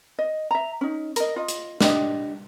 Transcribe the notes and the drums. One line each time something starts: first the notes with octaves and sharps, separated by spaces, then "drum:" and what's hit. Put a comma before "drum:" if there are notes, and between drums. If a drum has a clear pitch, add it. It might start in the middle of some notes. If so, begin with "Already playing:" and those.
D#5
E5 A#5
C#4 D#4
A#4 D#5, drum: hi-hat
F4 D#5
drum: hi-hat
D4 G4 D#5, drum: snare